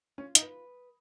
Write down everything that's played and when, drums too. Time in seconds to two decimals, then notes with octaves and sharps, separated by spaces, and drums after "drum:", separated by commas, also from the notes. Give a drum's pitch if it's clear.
0.18 C#4 F4
0.35 D#4, drum: hi-hat
0.42 B4